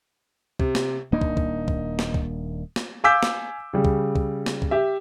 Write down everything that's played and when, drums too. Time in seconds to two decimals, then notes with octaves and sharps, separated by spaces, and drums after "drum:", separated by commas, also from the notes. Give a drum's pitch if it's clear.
0.59 C3, drum: kick
0.75 drum: snare
1.12 D#1 A#3 D4 D#4
1.21 drum: kick
1.37 drum: kick
1.68 drum: kick
1.99 drum: snare
2.14 drum: kick
2.76 drum: snare
3.04 F5 G#5 D6 E6 G6 B6
3.23 drum: snare
3.73 C#3 G3
3.84 drum: kick
4.15 drum: kick
4.46 drum: snare
4.62 drum: kick
4.71 G4 E5